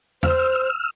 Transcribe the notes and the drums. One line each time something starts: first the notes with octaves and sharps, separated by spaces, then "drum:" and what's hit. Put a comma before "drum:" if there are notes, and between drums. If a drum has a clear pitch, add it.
C5 E6 F6, drum: tom